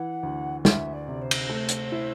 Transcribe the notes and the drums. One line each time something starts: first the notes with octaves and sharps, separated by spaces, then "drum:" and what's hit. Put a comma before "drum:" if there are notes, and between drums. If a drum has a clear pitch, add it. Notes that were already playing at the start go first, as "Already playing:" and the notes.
Already playing: E3 F#5
D2
D2 E5, drum: snare
D5
C3
C5
drum: cymbal
A3
drum: hi-hat
E4